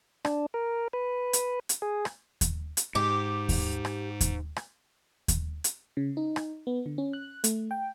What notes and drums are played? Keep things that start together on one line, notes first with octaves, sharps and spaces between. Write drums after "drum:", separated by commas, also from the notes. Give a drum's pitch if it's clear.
D4, drum: rim click
A#4
B4
drum: hi-hat
drum: hi-hat
G#4
drum: rim click
drum: kick D#2, hi-hat
drum: hi-hat
G#2 G4
drum: kick D#2, open hi-hat
drum: rim click
drum: kick D#2, hi-hat
drum: rim click
drum: kick D#2, hi-hat
drum: hi-hat
C#3
D#4
drum: rim click
B3
D3
C#4
F#6
A3, drum: hi-hat
G5